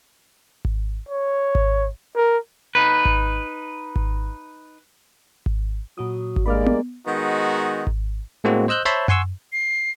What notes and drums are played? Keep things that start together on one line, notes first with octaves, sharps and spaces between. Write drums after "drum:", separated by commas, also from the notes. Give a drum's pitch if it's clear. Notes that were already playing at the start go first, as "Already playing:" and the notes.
drum: kick G#1
C#5
drum: kick G#1
A#4
D#4 B4
drum: kick G#1
drum: kick G#1
drum: kick G#1
A#2 F#3 F#4 D#6
drum: kick G#1
G2 G#3 A#3 D5 B5 D6 F6
drum: tom B3
D#3 G#3 B3 D#4 F#4
drum: kick G#1
A2 G#3 A#3 C4 F#4
C5 D#5 E6 F#6 G6
C5 C#5 E5 A5 B5 C6
F#5 G#5 C6 C#6 E6, drum: tom F#2
C7